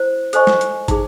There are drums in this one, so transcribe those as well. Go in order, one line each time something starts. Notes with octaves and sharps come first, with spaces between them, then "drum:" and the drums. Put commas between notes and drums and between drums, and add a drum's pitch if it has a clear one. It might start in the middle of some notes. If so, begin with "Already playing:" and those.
Already playing: E4 C5
A4 C5 D#5 G#5 C#6, drum: hi-hat
drum: snare
drum: hi-hat
D#4 G#4, drum: kick, hi-hat